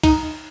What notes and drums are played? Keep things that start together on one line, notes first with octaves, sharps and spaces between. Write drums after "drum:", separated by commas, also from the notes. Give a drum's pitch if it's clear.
D#4, drum: kick, cymbal